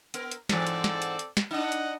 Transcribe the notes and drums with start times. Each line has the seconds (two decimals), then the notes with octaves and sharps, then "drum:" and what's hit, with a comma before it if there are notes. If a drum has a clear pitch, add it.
0.14 B3 A#4, drum: hi-hat
0.31 drum: hi-hat
0.49 G#2 E3 C4 A4 D5, drum: snare
0.67 drum: hi-hat
0.84 drum: snare
1.02 drum: hi-hat
1.19 drum: hi-hat
1.37 drum: snare
1.51 D4 D#4 D#5 F#5
1.72 drum: hi-hat